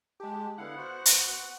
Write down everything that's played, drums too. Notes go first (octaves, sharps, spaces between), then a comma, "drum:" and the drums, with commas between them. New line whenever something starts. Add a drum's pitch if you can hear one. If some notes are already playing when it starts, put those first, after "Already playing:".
G#3 G4 A5
D3 B3 E4 F5 F#5
F#4 C5
drum: hi-hat